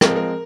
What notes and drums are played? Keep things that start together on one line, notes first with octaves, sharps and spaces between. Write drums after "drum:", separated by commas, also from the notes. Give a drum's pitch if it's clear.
F3 G#3 C4 A#4, drum: rim click
A#4